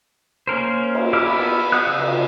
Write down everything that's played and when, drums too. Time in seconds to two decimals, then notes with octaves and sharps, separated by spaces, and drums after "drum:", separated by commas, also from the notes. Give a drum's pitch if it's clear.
0.47 A#3 C#4 A#4 C5
0.95 drum: cymbal
1.13 E4 G4 D6 F6
1.31 B3 E4
1.72 F5 F#5 D#6 F#6
1.86 C#3 E6
2.00 drum: cymbal